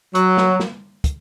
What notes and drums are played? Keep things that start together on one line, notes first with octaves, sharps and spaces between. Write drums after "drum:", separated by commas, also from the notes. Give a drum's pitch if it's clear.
F#3, drum: hi-hat
drum: snare
drum: snare
drum: kick, hi-hat